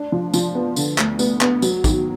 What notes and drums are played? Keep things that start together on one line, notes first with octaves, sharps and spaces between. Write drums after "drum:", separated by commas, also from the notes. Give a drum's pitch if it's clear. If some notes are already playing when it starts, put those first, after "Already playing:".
Already playing: D4
F3
F3, drum: tambourine
B3
D3, drum: tambourine
D2, drum: clap
B3, drum: tambourine
B3, drum: clap
F#3, drum: tambourine
D#3, drum: kick, tambourine